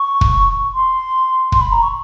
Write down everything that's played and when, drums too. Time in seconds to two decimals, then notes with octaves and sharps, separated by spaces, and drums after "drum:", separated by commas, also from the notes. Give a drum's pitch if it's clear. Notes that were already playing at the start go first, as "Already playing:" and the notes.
Already playing: C#6
0.21 drum: kick
0.74 C6
1.52 C6, drum: kick
1.61 B5
1.72 A#5
1.83 C#6